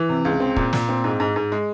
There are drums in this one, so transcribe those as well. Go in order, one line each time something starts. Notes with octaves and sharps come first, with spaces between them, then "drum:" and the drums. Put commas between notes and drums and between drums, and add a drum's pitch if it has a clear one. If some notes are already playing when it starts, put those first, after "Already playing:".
Already playing: E3
C3
C#2
C4
A#2, drum: kick
A#2, drum: snare
C4
G#2
G#2
G#2
G#3